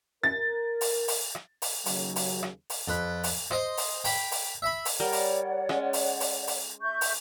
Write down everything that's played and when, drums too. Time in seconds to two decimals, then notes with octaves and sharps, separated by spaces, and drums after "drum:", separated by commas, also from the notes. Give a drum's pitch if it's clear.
0.23 A#4 A6
0.81 drum: open hi-hat
1.08 drum: open hi-hat
1.35 drum: rim click
1.62 drum: open hi-hat
1.86 D#2 C#3 F#3, drum: open hi-hat
2.16 drum: open hi-hat
2.43 drum: rim click
2.70 drum: open hi-hat
2.88 F2 B4
3.23 drum: open hi-hat
3.51 C5 D#5, drum: rim click
3.77 drum: open hi-hat
4.04 G5 B5, drum: open hi-hat
4.31 drum: open hi-hat
4.62 E5 B5
4.85 drum: open hi-hat
5.00 G3 A#4 C#5 D5 F#5
5.12 drum: open hi-hat
5.69 G#3 C#4, drum: rim click
5.93 drum: open hi-hat
6.20 drum: open hi-hat
6.47 drum: open hi-hat
6.81 E5 C#6 G6
7.01 drum: open hi-hat